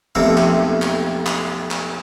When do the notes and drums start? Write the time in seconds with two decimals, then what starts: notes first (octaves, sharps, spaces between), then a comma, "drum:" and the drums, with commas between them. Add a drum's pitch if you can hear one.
0.15 B1 F2 C3 A3 A#3
0.38 drum: clap
0.82 drum: clap
1.26 drum: clap
1.71 drum: clap